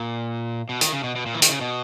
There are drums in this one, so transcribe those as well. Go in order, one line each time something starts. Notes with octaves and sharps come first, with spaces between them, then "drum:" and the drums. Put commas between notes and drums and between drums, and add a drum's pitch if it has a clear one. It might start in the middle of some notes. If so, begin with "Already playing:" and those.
Already playing: A#2
B2
D#3, drum: hi-hat
C#3
B2
B2
A#2
E3
D#3, drum: hi-hat
C#3
B2